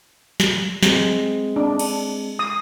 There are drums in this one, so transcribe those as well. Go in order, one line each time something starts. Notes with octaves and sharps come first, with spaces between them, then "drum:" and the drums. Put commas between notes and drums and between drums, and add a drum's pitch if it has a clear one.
drum: snare
G#3 C4, drum: snare
D4
drum: cymbal
D#6